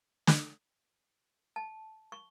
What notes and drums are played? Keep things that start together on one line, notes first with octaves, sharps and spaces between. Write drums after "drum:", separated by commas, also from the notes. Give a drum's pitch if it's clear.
drum: snare
A5
C#6